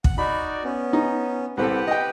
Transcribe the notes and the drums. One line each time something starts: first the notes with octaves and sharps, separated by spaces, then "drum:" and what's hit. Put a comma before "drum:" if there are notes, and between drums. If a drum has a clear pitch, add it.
F#5, drum: kick
D#4 F#4 D5 B5
B3 C#4
D#4
C2 C4 G4 A4 B4 F#5
D#5 G5